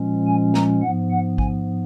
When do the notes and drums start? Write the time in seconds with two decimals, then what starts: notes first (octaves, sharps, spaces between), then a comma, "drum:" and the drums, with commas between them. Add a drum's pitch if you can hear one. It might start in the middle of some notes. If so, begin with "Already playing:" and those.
Already playing: A#2 F3 G#3 C#4
0.27 G#5
0.54 A#5, drum: snare
0.82 G#2 F3 B3 F#5
1.11 F#5
1.38 G#5, drum: kick A1